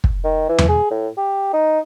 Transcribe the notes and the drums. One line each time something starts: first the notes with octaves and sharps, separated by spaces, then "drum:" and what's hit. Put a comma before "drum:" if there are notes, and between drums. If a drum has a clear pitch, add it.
drum: kick
D#3
E3
drum: tom E2
G#4
A2
G4
D#4